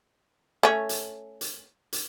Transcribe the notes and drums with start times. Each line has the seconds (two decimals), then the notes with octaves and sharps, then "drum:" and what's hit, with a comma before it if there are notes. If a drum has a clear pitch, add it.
0.63 A3 C#4
0.89 drum: hi-hat
1.41 drum: hi-hat
1.93 drum: hi-hat